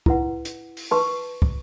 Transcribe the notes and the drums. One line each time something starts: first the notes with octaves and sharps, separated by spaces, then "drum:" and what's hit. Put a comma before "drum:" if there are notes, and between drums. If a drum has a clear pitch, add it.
E4 B4 F#5, drum: kick
drum: hi-hat
drum: open hi-hat
B4 A5 C#6
drum: kick